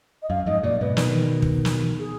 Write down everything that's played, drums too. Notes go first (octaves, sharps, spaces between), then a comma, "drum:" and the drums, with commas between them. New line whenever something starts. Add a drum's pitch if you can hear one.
D#5
F#2 F5
F2 G#2 D#5
F#2 A#2 D5
G#2 B2 B4
B2 D#3, drum: snare
drum: kick
drum: snare
G#4